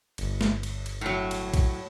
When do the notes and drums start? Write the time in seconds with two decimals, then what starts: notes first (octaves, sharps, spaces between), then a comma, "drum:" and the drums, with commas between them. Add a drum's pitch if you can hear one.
0.18 G1, drum: cymbal
0.41 drum: snare
0.63 drum: cymbal
0.86 drum: cymbal
1.01 A2 F#3
1.31 drum: cymbal
1.54 drum: kick, cymbal